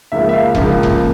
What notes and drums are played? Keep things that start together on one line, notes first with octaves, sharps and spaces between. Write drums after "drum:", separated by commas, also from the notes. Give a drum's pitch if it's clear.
C#2 C#3 F3 A#3 E5
E5
F5
C#2 C#3 F3 A#3, drum: kick E1
drum: kick E1
A#3